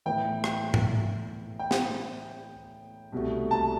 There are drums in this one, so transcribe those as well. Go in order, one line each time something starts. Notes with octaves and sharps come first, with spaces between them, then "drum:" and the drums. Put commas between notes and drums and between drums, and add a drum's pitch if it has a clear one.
A2 E3 B3 G5
G5, drum: rim click
drum: tom G#2
G5
drum: snare
C2 B2 A3
A5